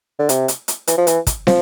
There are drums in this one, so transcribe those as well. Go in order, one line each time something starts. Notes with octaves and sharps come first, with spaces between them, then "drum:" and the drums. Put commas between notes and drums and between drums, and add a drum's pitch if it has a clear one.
D3
C3, drum: hi-hat
drum: hi-hat
drum: hi-hat
E3, drum: hi-hat
F3
E3, drum: hi-hat
drum: kick, hi-hat
F3, drum: snare